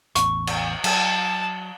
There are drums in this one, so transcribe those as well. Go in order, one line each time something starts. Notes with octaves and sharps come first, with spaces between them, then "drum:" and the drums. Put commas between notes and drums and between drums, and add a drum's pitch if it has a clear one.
A1 E2 C#6, drum: hi-hat
drum: cymbal
F#3 A5, drum: cymbal